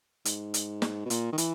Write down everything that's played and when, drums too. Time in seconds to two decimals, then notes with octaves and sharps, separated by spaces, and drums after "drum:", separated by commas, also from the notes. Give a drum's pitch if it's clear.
0.25 G#2, drum: hi-hat
0.54 drum: hi-hat
0.82 drum: snare
1.06 B2
1.10 A#2, drum: hi-hat
1.33 D#3
1.38 E3, drum: hi-hat